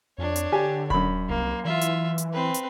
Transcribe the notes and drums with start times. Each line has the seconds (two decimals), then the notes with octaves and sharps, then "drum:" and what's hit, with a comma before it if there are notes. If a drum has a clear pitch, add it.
0.18 F2 D4 C#5
0.36 drum: hi-hat
0.52 D3 G4 G#5
0.90 F#2 B5, drum: kick D#1
1.29 C2 A#3
1.65 E3 F4 E5
1.81 drum: hi-hat
2.18 drum: hi-hat
2.33 C4 B4
2.54 drum: hi-hat